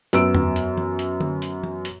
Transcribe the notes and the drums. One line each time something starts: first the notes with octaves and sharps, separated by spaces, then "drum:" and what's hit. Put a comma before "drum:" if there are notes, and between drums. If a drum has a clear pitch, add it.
F#2 B3 E6 D7, drum: hi-hat
drum: tom E2
drum: hi-hat
drum: tom E3
drum: hi-hat
drum: tom D3
drum: hi-hat
drum: tom E3
drum: hi-hat